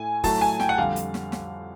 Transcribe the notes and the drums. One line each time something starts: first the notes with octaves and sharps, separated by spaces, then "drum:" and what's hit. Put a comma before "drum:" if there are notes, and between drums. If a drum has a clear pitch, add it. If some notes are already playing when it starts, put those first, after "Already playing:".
Already playing: A2 A3 G#5
A2 F#3 A3 A5, drum: kick, open hi-hat
G#5
G5, drum: snare
F#5
F2 D3 G3 F5
drum: hi-hat
drum: snare
drum: snare